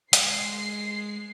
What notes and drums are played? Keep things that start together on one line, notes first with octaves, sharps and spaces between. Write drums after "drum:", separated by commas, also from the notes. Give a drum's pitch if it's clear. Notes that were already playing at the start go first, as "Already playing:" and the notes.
G#3 C7, drum: hi-hat